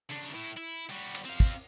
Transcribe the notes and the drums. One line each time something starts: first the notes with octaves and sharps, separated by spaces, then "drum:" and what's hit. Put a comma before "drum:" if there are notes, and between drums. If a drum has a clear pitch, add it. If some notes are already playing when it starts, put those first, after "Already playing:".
C#3 D4
A2 E4
E4
G3 F#4
drum: cymbal
C4 F5
drum: kick